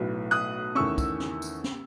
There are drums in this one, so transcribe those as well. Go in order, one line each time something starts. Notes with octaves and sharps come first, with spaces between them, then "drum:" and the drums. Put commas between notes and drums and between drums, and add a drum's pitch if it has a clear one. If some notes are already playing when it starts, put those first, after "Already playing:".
Already playing: B1 A2 F#3 B3
D#6 F#6
E2 D#3 A3 C#4 C#6 E6
drum: kick, tambourine
drum: snare
drum: tambourine
drum: snare